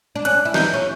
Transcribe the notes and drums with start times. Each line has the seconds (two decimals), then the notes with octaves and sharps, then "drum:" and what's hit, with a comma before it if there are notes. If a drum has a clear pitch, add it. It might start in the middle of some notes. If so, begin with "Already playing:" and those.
0.16 D4
0.25 C#4 F#6, drum: hi-hat
0.45 E4
0.54 D#4 G6, drum: snare
0.74 C#4